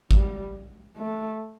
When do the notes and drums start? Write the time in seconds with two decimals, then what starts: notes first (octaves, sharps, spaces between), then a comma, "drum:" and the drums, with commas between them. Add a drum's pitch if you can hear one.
0.11 G3, drum: kick
0.97 A3